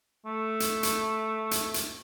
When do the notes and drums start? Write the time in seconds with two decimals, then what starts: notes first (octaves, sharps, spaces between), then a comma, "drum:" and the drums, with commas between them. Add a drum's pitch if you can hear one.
0.26 A3
0.60 drum: hi-hat
0.83 drum: hi-hat
1.51 drum: hi-hat
1.74 drum: hi-hat